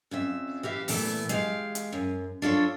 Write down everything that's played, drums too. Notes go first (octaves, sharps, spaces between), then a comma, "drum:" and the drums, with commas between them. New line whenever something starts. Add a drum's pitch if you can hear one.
F2 C#3 E5
E3 G4 E5 F5
A#2 E3 A3 B3, drum: open hi-hat
G#3 G4 F5, drum: hi-hat
drum: hi-hat
F#2
D4 F4 A4 C#5